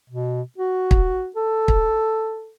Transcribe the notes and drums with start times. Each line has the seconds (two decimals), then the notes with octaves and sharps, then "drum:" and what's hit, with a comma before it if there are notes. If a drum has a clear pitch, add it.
0.10 B2
0.58 F#4
0.91 drum: kick
1.36 A4
1.68 drum: kick